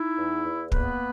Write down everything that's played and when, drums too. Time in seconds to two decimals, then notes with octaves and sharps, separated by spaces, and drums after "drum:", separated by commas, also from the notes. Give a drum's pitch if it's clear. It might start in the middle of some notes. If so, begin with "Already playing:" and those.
Already playing: D#4 E4
0.18 E2
0.46 E2
0.72 A#3 B3 B4, drum: kick